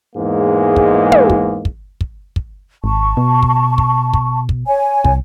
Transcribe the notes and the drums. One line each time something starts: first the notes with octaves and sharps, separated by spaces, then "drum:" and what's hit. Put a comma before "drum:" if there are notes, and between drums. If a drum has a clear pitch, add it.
E2 G#2 G#3 A#3
drum: kick
drum: tom
drum: kick
drum: kick
drum: kick
drum: kick
G#1 A5 C#6
B2
drum: kick
drum: kick
drum: kick
drum: kick
C#5 G#5
C2, drum: kick